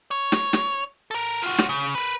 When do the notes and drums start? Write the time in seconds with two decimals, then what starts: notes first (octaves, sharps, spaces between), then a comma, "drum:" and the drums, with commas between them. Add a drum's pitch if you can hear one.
0.11 C#5
0.32 drum: snare
0.53 drum: snare
1.11 A4 A#4
1.42 F4 F#4
1.58 drum: snare
1.69 C#3
1.95 A#4 B4